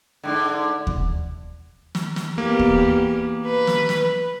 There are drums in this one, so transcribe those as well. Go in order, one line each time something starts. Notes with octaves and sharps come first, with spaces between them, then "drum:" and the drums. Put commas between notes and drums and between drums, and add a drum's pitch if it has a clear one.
G#2 D3
drum: kick D#2
drum: snare
drum: snare
E2 A#3 G4
drum: kick D#2
B4
drum: snare
drum: snare